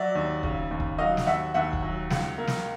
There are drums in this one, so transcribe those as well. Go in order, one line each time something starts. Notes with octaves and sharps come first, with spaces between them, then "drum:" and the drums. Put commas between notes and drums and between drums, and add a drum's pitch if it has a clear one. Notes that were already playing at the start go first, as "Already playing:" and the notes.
Already playing: F#3 D5 E5
D#2
C#3, drum: kick
D#2
drum: kick
F#3 D#5 F5
drum: snare
D#2 E5 F#5
D#2 E5 F#5
drum: kick
F#3
C#2, drum: snare
A#3
drum: snare